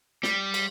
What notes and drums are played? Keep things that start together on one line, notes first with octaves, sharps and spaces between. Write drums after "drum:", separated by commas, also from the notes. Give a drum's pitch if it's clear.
G3, drum: snare
drum: cymbal